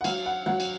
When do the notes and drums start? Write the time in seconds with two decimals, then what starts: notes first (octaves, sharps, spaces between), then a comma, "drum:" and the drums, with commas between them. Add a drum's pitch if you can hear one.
0.01 F#5
0.04 F#3 F5, drum: cymbal
0.26 F#5
0.46 F#3 F#5
0.60 drum: cymbal